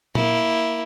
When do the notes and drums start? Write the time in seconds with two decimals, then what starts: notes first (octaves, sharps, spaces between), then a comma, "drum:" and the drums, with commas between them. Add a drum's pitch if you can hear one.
0.15 A#3 E4, drum: tom A#2